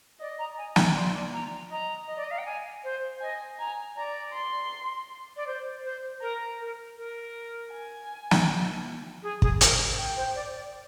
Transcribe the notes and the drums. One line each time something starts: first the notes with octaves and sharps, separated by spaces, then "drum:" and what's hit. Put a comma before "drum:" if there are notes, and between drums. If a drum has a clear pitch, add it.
D5 D#5
A#5
G#5
A#5, drum: snare
D5 C6
A#5
D#5 A#5
D#5
D5
D#5
F5
G5
G#5
C5
D#5 G#5
G#5 A#5
D5 A#5
C6
D5
C5
C5
A#4 A#5
A#4
A#4
G#5
drum: snare
G#4
G#4, drum: kick
A#4, drum: hi-hat
G5
C5
D5
D5